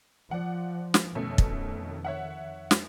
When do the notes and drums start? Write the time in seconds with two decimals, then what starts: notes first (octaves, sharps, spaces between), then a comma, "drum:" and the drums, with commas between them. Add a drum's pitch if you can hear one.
0.31 F3 D5 F#5
0.94 drum: snare
1.15 F2 B2 D#3 A3 C#4
1.38 drum: kick
2.04 C#5 E5 F#5
2.71 drum: snare